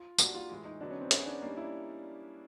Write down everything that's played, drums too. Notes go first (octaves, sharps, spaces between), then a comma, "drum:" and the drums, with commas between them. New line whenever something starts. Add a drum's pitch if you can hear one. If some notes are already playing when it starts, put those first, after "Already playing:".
Already playing: F4
G3 A#3 D4 F#4, drum: tambourine
F4
A2 E3 G#3
D#4
D3 F#3 B3 D4
C#4
C4
B3 C#4 D#4 G#4 C5 E5, drum: hi-hat
D4
G3 A#3 D4 D#4
E4